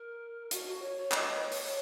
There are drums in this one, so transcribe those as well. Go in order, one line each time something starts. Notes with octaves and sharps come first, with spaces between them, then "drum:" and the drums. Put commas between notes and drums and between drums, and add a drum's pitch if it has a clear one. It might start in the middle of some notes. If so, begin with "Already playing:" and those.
Already playing: A#4
F#4, drum: hi-hat
F#4
C#5
C#5
D#5, drum: clap
B4
C#5
drum: open hi-hat